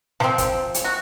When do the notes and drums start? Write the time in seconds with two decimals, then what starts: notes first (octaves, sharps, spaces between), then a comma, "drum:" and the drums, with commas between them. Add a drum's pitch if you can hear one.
0.20 F3 C4, drum: snare
0.38 drum: kick, hi-hat
0.74 drum: hi-hat
0.84 F#4